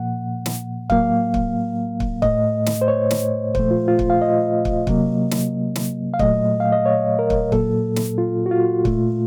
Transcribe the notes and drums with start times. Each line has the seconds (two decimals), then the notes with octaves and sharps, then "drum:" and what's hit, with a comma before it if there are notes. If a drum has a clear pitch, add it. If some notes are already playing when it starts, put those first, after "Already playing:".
Already playing: A#2 F3 A#3 F#5
0.46 drum: snare
0.90 A2 F#3 A#3 F5, drum: kick
1.34 drum: kick
2.00 drum: kick
2.22 A2 A3 D#5, drum: kick
2.66 drum: snare
2.81 C5
2.88 C#5
3.11 drum: snare
3.55 A#2 F3 A3 C5, drum: kick
3.71 F4
3.88 F4
3.99 drum: kick
4.10 F5
4.22 D#5
4.65 drum: kick
4.87 C3 F#3 A#3, drum: kick
5.31 drum: snare
5.76 drum: snare
6.14 F5
6.19 A#2 F#3 A3 D#5, drum: kick
6.60 F5
6.72 D#5
6.86 C#5
7.19 A#4
7.30 drum: kick
7.52 A#2 F#3 A#3 A4, drum: kick
7.96 drum: snare
8.18 F4
8.46 F#4
8.51 F4
8.85 A#2 A3, drum: kick